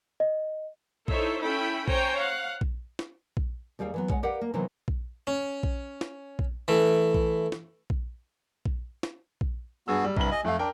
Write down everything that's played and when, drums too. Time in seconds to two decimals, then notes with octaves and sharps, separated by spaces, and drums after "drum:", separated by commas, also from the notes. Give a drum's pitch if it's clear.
0.20 D#5
1.08 D#4 E4 A4 C5 C#5 E5, drum: kick A#1
1.44 C#4 E4 A4 E5 G5 B5
1.88 C5 C#5 G5 G#5 A#5, drum: kick A#1
2.20 F5 F#5
2.61 drum: kick A#1
2.99 drum: snare
3.37 drum: kick A#1
3.79 D#2 G3 G#4 F5 G5
3.94 E3 F#3 B3
4.10 G#3 C#5 F#5, drum: kick A#1
4.23 G4 A#4 B4 D5 F5 F#5
4.41 A#3
4.54 C3 D#3 E3 F#3 A#3 B3
4.88 drum: kick A#1
5.27 C#4
5.63 drum: kick A#1
6.01 drum: snare
6.39 drum: kick A#1
6.68 E3 A3
7.14 drum: kick A#1
7.52 drum: snare
7.90 drum: kick A#1
8.65 drum: kick A#1
9.03 drum: snare
9.41 drum: kick A#1
9.88 G2 B3 F#4 G#4 E6
10.04 G3
10.17 C2 G2 C3 G3 F#7, drum: kick A#1
10.31 D#5 G#5
10.44 F2 A3 F5
10.59 D4 A#4 G5